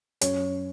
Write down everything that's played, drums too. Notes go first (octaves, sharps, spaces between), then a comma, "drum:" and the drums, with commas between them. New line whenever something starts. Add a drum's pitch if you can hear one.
F#2 C#5, drum: hi-hat